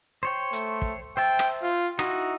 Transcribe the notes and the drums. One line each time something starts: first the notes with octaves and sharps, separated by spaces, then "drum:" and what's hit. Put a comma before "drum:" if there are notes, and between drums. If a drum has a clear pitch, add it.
C5 C#5 G5
A3, drum: hi-hat
drum: kick
C5 E5 G5 A5
drum: rim click
F4
D#4 E4 F#4, drum: rim click